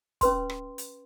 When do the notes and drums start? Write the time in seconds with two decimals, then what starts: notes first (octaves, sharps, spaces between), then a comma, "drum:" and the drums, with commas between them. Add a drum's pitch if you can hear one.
0.21 C#4 B4 C6, drum: kick, hi-hat
0.50 drum: rim click
0.78 drum: hi-hat